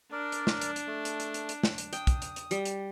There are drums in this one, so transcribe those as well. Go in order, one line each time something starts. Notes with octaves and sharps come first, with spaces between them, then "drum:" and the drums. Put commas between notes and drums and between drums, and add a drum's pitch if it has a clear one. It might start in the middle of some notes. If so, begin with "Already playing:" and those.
D4 A#4 D5
drum: hi-hat
drum: snare
drum: hi-hat
drum: hi-hat
A3
drum: hi-hat
drum: hi-hat
drum: hi-hat
drum: hi-hat
drum: snare
drum: hi-hat
G5 D#6, drum: hi-hat
drum: kick, hi-hat
drum: hi-hat
drum: hi-hat
G3, drum: hi-hat
drum: hi-hat